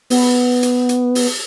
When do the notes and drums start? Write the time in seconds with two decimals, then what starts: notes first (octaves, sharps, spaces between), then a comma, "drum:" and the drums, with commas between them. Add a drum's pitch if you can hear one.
0.10 B3, drum: open hi-hat
0.63 drum: hi-hat
0.89 drum: hi-hat
1.15 drum: open hi-hat